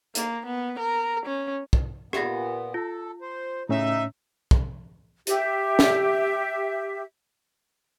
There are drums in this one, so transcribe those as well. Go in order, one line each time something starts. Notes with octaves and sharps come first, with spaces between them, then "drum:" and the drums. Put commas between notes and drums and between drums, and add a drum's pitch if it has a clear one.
A#3, drum: hi-hat
B3
A#4
C#4
drum: kick
A#2 B3 G4 E5 A#6, drum: rim click
F4 A4
C5
A2 C#3 C#4 D#4 E5
drum: kick
G4 E5, drum: hi-hat
drum: snare